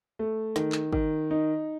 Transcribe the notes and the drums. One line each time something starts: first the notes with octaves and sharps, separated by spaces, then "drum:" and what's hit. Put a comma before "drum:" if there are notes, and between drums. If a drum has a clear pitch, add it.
A3
D#3, drum: snare
drum: clap
D#3, drum: kick
D#4